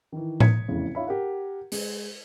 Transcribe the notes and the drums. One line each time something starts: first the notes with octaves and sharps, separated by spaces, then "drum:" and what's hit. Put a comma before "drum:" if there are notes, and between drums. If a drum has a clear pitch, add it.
D#3 E3
D#6 G#6 B6 C#7, drum: tom A2
F1 E2 A2 C#3
D#4 F4 C#5 E5 F5 B5
G4 A#4 F#5
G#3, drum: open hi-hat